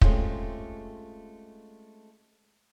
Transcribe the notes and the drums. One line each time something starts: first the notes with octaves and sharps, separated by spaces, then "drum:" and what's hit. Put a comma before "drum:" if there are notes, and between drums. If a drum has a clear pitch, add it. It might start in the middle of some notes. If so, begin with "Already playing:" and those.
G#3 A3 C4 C#4 F4 G4, drum: kick